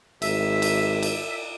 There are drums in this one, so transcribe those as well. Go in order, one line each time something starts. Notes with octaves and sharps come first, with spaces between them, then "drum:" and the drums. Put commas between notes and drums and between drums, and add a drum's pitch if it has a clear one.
G#1 E5, drum: cymbal
drum: cymbal
drum: cymbal